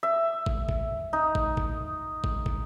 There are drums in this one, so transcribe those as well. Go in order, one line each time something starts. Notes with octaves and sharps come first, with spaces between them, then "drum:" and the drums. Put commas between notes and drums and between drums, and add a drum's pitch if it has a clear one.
E5
drum: kick
drum: kick
D#4
drum: kick
drum: kick
drum: kick
drum: kick